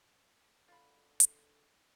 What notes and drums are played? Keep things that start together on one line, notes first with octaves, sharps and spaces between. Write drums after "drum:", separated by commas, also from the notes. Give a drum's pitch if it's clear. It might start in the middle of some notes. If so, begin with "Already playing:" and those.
D3 F4 B5
drum: hi-hat